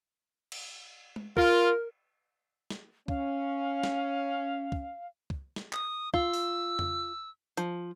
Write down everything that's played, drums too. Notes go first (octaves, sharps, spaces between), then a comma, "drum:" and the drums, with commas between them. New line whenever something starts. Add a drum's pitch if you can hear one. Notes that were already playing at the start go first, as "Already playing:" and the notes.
drum: cymbal
drum: tom G#3
F4 A#4, drum: kick
drum: snare
C#4 F5, drum: kick
drum: snare
drum: kick
drum: kick
drum: snare
D#6, drum: clap
F4 E6, drum: kick
drum: open hi-hat
drum: tom F2
F3, drum: hi-hat